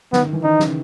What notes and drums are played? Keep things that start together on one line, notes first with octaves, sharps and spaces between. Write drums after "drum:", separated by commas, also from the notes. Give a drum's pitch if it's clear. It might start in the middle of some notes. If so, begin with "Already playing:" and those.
D#3 B3, drum: snare
D#3
E3
D#3 D#4
C#3, drum: snare